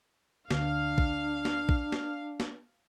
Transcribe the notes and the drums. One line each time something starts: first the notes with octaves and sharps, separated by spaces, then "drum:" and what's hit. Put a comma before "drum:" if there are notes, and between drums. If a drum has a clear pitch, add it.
D2 D3 D4 F5, drum: snare
drum: kick
drum: snare
drum: kick
drum: snare
drum: snare